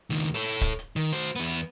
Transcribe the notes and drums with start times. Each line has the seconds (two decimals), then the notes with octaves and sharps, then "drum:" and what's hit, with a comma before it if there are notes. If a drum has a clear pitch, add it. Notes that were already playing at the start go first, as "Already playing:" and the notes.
0.10 C#2 D#3
0.35 A4 C#5
0.44 drum: hi-hat
0.61 drum: kick C#1, hi-hat
0.79 drum: hi-hat
0.96 D#3, drum: hi-hat
1.13 F#4 C5, drum: hi-hat
1.36 E2 B3
1.48 drum: hi-hat